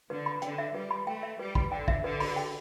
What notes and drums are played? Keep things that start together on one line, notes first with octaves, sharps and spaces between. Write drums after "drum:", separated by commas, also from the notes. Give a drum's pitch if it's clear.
D3 B4
B5
D3 G5, drum: hi-hat
E5
G3 B4
B5
A3 G5
E5
G3 B4
B5, drum: kick
D3 G5
E5, drum: kick
D3 B4
B5, drum: open hi-hat
G5